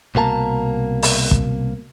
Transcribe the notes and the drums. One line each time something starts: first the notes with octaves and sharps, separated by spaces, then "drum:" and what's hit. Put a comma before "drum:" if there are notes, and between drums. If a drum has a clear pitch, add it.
C2 B2 A#3 A5 A#5
drum: open hi-hat
drum: kick